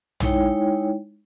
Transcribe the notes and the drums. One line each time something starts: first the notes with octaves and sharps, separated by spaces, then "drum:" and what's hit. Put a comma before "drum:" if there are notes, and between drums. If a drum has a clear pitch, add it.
G#3 D#4 E4 C#5 G5, drum: tom